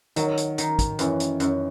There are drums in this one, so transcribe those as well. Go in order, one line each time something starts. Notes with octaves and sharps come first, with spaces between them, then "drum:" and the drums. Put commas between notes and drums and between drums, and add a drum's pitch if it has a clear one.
D#3 F#3, drum: hi-hat
drum: hi-hat
D#3, drum: hi-hat
drum: kick, hi-hat
F#2 E3, drum: hi-hat
drum: hi-hat
F#2, drum: hi-hat